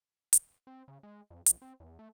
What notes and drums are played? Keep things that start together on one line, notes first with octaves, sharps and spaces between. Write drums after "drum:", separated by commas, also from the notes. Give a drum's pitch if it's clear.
drum: hi-hat
C4
C#3
G#3
F2
A#1, drum: hi-hat
C4
E2
A3